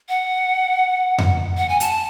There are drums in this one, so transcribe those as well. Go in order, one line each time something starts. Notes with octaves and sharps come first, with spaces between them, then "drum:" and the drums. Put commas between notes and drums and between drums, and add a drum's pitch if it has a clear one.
F#5
drum: tom F2
F#5
G#5
A5, drum: hi-hat